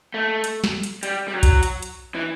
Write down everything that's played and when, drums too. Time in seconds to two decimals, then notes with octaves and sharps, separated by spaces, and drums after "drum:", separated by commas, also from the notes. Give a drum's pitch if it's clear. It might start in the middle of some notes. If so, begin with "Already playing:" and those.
0.14 A3
0.44 drum: hi-hat
0.64 drum: snare
0.83 drum: hi-hat
1.03 G3, drum: hi-hat
1.28 G3
1.34 F#3
1.43 drum: kick B1, hi-hat
1.63 drum: hi-hat
1.82 drum: hi-hat
2.15 E3